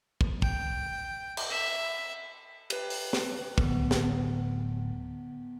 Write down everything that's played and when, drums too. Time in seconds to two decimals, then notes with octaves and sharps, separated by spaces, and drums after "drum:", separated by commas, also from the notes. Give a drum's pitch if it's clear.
0.21 drum: kick
0.42 G5, drum: kick
1.37 drum: cymbal
1.50 E5
2.70 G4 B4, drum: cymbal
2.90 drum: open hi-hat
3.13 drum: snare
3.58 D1 B3, drum: kick
3.91 drum: snare